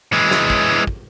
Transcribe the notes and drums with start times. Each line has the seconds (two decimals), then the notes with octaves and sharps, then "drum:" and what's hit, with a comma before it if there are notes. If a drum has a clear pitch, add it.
0.13 E3 G#3
0.31 drum: snare
0.50 drum: kick
0.87 drum: kick